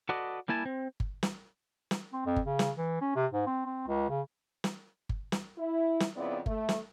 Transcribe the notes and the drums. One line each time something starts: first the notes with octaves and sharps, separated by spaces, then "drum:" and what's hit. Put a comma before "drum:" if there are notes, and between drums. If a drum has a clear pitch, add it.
F#4 A4 B4 D5 D#5
G3 A#3 E4 G#5 A5
C4
drum: kick G1
drum: snare
drum: snare
C4
F2
drum: kick G1
C#3
drum: snare
E3
C#4
C3
G#2
C4
C4
C#2
C#3
drum: snare
drum: kick G1
drum: snare
E4
drum: snare
F2 C#3 B3 C4 E4 D5
A3, drum: kick G1
drum: snare